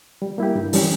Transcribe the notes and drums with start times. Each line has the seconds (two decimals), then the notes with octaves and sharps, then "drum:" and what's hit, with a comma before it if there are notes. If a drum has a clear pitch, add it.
0.22 G3
0.38 A#3 E4 G4
0.56 G2
0.73 E3 G3 C#4 G4, drum: open hi-hat